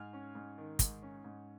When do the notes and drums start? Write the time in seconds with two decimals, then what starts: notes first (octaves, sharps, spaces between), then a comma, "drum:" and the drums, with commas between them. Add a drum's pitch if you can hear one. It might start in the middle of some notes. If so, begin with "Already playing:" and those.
Already playing: G#2 F6
0.13 C#4
0.35 G#2
0.58 D#3
0.79 G#2, drum: kick, hi-hat
1.02 C#4
1.24 G#2